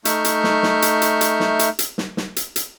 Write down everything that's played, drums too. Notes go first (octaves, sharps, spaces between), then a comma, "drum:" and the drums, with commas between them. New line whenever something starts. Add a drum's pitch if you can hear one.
A3 D#4 E5 C#6 F6 G6, drum: hi-hat
drum: hi-hat
drum: snare
drum: snare
drum: hi-hat
drum: hi-hat
drum: hi-hat
drum: snare
drum: hi-hat
drum: hi-hat
drum: snare
drum: snare
drum: hi-hat
drum: hi-hat